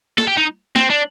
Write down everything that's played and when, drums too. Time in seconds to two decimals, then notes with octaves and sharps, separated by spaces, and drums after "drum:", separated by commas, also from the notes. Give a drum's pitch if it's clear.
0.18 A4, drum: snare
0.27 G4
0.37 D#4
0.76 C4, drum: snare
0.90 D4